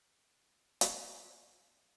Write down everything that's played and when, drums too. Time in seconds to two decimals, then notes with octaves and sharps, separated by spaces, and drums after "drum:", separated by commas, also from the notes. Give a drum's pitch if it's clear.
0.16 A#4 C#5
0.42 D#2 B2
0.81 drum: hi-hat
1.31 E6 F#6 G6 A6
1.55 F#3 G#3 A#3 B3 D4 G4
1.74 B5 D6